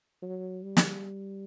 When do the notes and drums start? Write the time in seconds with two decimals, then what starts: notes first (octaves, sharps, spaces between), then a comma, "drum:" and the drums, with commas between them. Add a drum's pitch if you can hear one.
0.22 F#3
0.63 G3
0.77 drum: snare